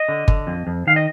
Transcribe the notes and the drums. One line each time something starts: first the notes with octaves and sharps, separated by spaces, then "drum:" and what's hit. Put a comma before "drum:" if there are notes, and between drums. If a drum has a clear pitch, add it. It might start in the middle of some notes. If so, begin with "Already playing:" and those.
Already playing: D#5
D3
D3, drum: kick G1
F2
F2
D#3 F5
D#5